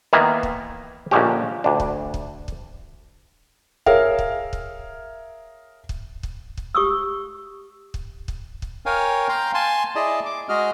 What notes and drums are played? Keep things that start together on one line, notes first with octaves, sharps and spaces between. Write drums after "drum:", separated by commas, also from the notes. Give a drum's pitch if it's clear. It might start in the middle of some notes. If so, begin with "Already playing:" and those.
D#3 E3 A#3 B3
drum: kick
A#1 A#2 D3 G#3 C#4 G4
D2 D4
drum: kick
drum: kick
drum: kick
G#4 A#4 C#5 E5 F5, drum: kick
drum: kick
drum: kick
drum: kick
drum: kick
drum: kick
G4 C#6 D#6 E6
drum: kick
drum: kick
drum: kick
A#4 C#5 F5 G5 G#5
F5 G5 A#5 C6
G#5 A5 C6
E4 G#4 D5 D#5 A5
D6
G#3 F#4 G#4 D#5 F6